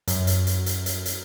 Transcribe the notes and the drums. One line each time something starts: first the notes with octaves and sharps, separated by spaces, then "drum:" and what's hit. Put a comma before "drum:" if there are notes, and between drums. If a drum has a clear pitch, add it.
F#2, drum: hi-hat
drum: hi-hat
drum: hi-hat
drum: hi-hat
drum: hi-hat
drum: hi-hat